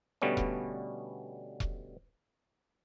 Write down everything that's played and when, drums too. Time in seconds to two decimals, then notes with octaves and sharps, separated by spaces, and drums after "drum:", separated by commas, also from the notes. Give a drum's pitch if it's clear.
0.22 B2 D3 G3 A3 B3 C#4
0.37 drum: kick E1
1.60 drum: kick E1